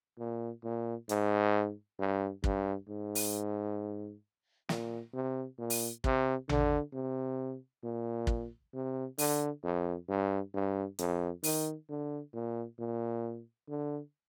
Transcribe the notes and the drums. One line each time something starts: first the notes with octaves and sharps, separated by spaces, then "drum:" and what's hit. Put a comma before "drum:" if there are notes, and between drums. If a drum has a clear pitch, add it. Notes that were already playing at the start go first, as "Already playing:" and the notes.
A#2
A#2
G#2, drum: hi-hat
G2
G2, drum: kick
G#2
drum: open hi-hat
A#2, drum: snare
C3
A#2
drum: open hi-hat
C3, drum: kick
D3, drum: tom A1
C3
A#2
drum: kick
C3
D3, drum: open hi-hat
F2
G2
G2
F2, drum: hi-hat
D#3, drum: open hi-hat
D3
A#2
A#2
D3